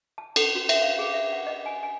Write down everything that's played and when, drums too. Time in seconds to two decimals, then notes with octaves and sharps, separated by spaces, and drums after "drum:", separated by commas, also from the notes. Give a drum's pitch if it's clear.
0.18 A5
0.36 A4, drum: cymbal
0.55 F#4
0.69 E5, drum: cymbal
0.82 F5
0.99 G#4
1.14 E5
1.33 F#5
1.47 D#5
1.66 G#5
1.83 G#5